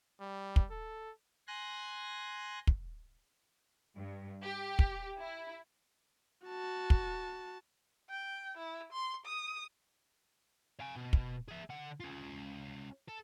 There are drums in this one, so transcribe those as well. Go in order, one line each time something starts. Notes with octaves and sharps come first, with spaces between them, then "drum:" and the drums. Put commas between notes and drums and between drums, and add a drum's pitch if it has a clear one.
G3
drum: kick
A4
G#5 C6 F#6 A#6
drum: kick
G2
G4
drum: kick
E4
F#4 A5
drum: kick
G5
E4
C6
D#6
F5 G#5
B2
drum: kick
G#4 E5
D3 F#5
C#4 F4
A4